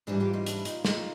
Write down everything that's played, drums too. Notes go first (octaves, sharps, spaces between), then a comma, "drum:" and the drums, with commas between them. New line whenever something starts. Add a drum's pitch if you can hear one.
G#2 E3 G3 D4 E4
F4 G4
D#4 F4
D4 E4, drum: hi-hat
D#4 F4, drum: hi-hat
D#4 F4, drum: snare